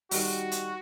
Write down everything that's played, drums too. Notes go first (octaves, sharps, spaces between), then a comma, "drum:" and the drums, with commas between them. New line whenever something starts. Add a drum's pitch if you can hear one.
D#3 G3 F#4, drum: open hi-hat
drum: hi-hat